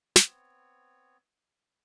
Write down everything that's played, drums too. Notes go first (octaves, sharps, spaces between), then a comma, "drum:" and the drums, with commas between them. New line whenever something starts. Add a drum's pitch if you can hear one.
B3 C4 C#5, drum: snare